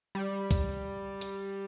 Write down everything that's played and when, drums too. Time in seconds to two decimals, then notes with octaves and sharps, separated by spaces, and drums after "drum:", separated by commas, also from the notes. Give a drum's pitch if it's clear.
0.15 G3
0.51 drum: kick, hi-hat
1.21 drum: hi-hat